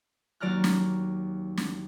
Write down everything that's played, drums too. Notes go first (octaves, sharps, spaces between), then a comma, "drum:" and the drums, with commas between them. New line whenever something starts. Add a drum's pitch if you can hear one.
D#2 F#3 D5 A#5 F6 F#6
drum: snare
drum: snare